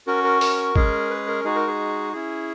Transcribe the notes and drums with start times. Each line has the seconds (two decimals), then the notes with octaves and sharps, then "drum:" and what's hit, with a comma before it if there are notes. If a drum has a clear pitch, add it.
0.07 C#4 F#4 A#4
0.24 A#4
0.41 A#4, drum: open hi-hat
0.76 G#3 C#4 G#4, drum: kick
1.10 B4
1.27 A#4
1.44 G#3 D#4 F#4 G#4
1.56 A#4
1.67 G#4
2.13 C#4 E4 G#4